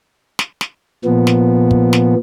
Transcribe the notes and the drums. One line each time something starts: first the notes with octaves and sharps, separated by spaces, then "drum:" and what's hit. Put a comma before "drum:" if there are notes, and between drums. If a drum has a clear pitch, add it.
drum: snare
drum: snare
A#2 F3 B3
drum: snare
drum: kick
drum: snare